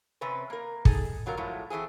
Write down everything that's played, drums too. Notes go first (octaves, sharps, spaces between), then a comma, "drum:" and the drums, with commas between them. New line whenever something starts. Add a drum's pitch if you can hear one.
C3 C4 C#4 B4
A#3 A#4
D#4 G#4 A4, drum: kick
D3 F#3 F4 A#4
A2 F3 F#3 G#3 A3
E3 A3 C4 G#4